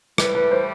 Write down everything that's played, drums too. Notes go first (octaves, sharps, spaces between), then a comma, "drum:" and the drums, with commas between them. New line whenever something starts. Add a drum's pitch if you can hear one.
A2 E3 G3 B4, drum: rim click
B4
C5